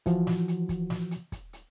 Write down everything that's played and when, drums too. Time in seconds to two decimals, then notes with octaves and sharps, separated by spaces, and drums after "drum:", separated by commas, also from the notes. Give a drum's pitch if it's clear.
0.06 E3 F3 F#4, drum: kick, hi-hat
0.27 drum: snare
0.48 drum: hi-hat
0.69 drum: kick, hi-hat
0.90 drum: snare
1.11 drum: hi-hat
1.32 drum: kick, hi-hat
1.53 drum: hi-hat